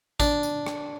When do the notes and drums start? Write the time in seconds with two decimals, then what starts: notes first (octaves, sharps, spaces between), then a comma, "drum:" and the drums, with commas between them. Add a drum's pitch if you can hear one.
0.20 D4, drum: kick A1, tambourine
0.43 drum: tambourine
0.67 drum: rim click